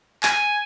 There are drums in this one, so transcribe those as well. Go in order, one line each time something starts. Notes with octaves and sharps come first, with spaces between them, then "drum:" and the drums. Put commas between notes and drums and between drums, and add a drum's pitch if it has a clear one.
G#5, drum: clap